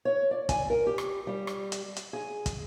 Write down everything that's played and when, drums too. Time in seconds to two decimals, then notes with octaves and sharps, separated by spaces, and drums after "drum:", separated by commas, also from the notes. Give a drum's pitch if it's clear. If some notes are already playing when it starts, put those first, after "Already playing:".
0.05 C#5
0.31 D5
0.49 G#5, drum: kick, hi-hat
0.70 A#4
0.87 G4
0.98 drum: rim click
1.27 G3
1.47 drum: rim click
1.72 drum: hi-hat
1.96 drum: hi-hat
2.13 G#4
2.46 drum: kick, hi-hat